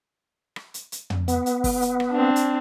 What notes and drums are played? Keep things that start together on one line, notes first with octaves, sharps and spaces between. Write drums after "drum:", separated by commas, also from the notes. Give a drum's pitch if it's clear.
drum: rim click
drum: hi-hat
drum: hi-hat
drum: tom
B3, drum: hi-hat
drum: hi-hat
drum: kick, open hi-hat
drum: hi-hat
drum: rim click
C4 D4
drum: hi-hat